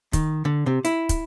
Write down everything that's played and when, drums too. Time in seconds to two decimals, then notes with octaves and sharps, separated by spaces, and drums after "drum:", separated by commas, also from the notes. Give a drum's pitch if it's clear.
0.13 D#3, drum: kick, hi-hat
0.45 D3
0.66 C3
0.85 E4, drum: hi-hat
1.09 drum: kick, hi-hat